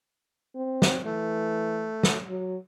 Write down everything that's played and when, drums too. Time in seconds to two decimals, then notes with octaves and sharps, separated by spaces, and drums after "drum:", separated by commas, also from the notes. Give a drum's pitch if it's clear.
0.55 C4
0.82 drum: snare
1.04 E3 A3
2.03 drum: snare
2.29 F#3